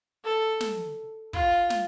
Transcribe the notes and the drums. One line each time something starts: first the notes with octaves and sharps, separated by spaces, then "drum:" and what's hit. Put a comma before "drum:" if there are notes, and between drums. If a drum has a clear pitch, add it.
A4
drum: snare
F4, drum: kick
drum: snare